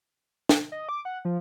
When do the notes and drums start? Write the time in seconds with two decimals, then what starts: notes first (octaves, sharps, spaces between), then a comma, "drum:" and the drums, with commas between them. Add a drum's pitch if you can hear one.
0.49 drum: snare
0.72 D#5
0.89 D6
1.05 F#5
1.25 F3